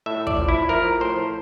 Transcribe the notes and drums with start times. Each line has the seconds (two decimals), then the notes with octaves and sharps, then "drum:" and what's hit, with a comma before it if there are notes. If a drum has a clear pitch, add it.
0.06 A2 E5
0.27 D5, drum: kick
0.37 F3
0.49 E4
0.69 F3 A#4
1.00 A2 C5